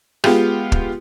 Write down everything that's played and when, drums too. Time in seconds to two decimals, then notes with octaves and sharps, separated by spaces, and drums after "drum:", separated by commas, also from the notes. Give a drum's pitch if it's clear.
0.24 G#3 B3 F4 G4, drum: rim click
0.72 drum: kick